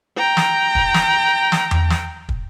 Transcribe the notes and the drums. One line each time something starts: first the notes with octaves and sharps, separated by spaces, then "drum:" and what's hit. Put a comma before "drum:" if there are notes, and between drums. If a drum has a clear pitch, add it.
G5 A#5
drum: snare
drum: kick
drum: snare
drum: snare
drum: tom E2
drum: snare
drum: kick